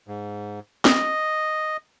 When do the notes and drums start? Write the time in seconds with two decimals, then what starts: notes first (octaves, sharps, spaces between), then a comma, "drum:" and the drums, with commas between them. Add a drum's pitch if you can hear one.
0.08 G#2
0.85 D#5, drum: snare